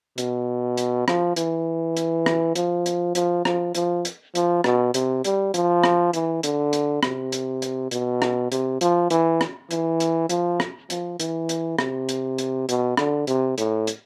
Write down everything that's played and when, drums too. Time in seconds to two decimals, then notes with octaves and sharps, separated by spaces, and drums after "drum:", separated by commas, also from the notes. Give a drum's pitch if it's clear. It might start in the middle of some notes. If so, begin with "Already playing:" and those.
0.18 B2, drum: hi-hat
0.77 drum: hi-hat
1.08 F3, drum: rim click
1.36 E3, drum: hi-hat
1.97 drum: hi-hat
2.26 drum: rim click
2.55 F3, drum: hi-hat
2.86 drum: hi-hat
3.15 F3, drum: hi-hat
3.45 F3, drum: rim click
3.75 F3, drum: hi-hat
4.05 drum: hi-hat
4.35 F3, drum: hi-hat
4.64 B2, drum: rim click
4.94 C3, drum: hi-hat
5.24 G3, drum: hi-hat
5.54 F3, drum: hi-hat
5.84 drum: rim click
6.13 E3, drum: hi-hat
6.43 D3, drum: hi-hat
6.73 drum: hi-hat
7.03 C3, drum: rim click
7.32 drum: hi-hat
7.62 drum: hi-hat
7.91 B2, drum: hi-hat
8.22 drum: rim click
8.52 C3, drum: hi-hat
8.81 F3, drum: hi-hat
9.10 E3, drum: hi-hat
9.41 drum: rim click
9.71 E3, drum: hi-hat
10.00 drum: hi-hat
10.29 F3, drum: hi-hat
10.60 drum: rim click
10.90 F3, drum: hi-hat
11.20 E3, drum: hi-hat
11.49 drum: hi-hat
11.79 C3, drum: rim click
12.09 drum: hi-hat
12.38 drum: hi-hat
12.69 B2, drum: hi-hat
12.97 D3, drum: rim click
13.27 C3, drum: hi-hat
13.58 A2, drum: hi-hat
13.87 drum: hi-hat